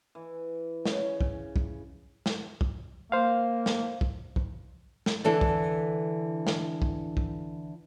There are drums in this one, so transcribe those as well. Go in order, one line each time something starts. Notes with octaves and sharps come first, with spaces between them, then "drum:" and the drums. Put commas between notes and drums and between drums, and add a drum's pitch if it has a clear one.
E3
C#3, drum: snare
drum: kick
drum: kick
drum: snare
drum: kick
A#3 C5 F5
drum: snare
drum: kick
drum: kick
drum: snare
D3 E3 D4 A4
drum: kick
drum: snare
drum: kick
drum: kick